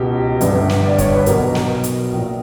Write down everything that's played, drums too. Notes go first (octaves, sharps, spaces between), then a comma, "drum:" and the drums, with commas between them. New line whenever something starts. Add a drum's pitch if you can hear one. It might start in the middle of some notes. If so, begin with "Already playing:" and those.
Already playing: C#2 B2 G4
G1 G2 D3, drum: hi-hat
drum: snare
D5
C#5, drum: kick, hi-hat
B4
B1 B2 A#4, drum: hi-hat
drum: snare
drum: hi-hat
A#1 A#2